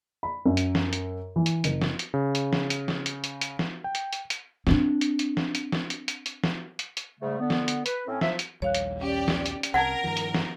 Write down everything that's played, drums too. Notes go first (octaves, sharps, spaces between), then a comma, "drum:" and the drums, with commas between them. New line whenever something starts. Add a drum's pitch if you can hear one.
B5
F#2
drum: hi-hat
drum: snare
drum: hi-hat
E3
drum: hi-hat
F#1, drum: hi-hat
drum: snare
drum: hi-hat
C#3
drum: hi-hat
drum: snare
drum: hi-hat
drum: snare
drum: hi-hat
drum: hi-hat
drum: hi-hat
drum: snare
G5
drum: hi-hat
drum: hi-hat
drum: hi-hat
C4 D4, drum: snare
drum: hi-hat
drum: hi-hat
drum: snare
drum: hi-hat
drum: snare
drum: hi-hat
drum: hi-hat
drum: hi-hat
drum: snare
drum: hi-hat
drum: hi-hat
G#2 C#3 G3 A3
D3 B3
drum: snare
drum: hi-hat
B4, drum: hi-hat
A2 C4 C#4
F3 F#3 E5, drum: snare
drum: hi-hat
A#1 D#2 G3 C#5 F5 F#6
drum: hi-hat
C#4 G4 D5
drum: snare
drum: hi-hat
drum: hi-hat
C2 A#4 F#5 A5 G#6 A#6
G2 D#3 F3
drum: hi-hat
drum: snare